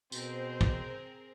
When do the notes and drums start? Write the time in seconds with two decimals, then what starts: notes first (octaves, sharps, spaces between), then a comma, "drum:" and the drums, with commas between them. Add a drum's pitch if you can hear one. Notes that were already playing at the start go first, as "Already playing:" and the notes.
0.12 B2 C4 G#4 A#4 C5, drum: tambourine
0.61 drum: kick